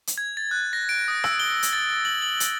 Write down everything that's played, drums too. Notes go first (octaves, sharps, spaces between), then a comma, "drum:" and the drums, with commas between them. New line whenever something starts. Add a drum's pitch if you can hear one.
drum: hi-hat
G#6
A6
F#6
A#6
D7
D#6
E6, drum: rim click
G7
drum: hi-hat
A6
F#7
F#7
drum: hi-hat